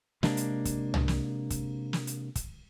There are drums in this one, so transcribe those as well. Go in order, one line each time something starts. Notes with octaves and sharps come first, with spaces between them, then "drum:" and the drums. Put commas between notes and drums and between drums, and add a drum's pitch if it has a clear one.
C3 G#3 A#3 D4, drum: snare
drum: hi-hat
drum: kick, hi-hat
drum: tom
drum: snare
drum: kick, hi-hat
drum: snare
drum: hi-hat
drum: kick, hi-hat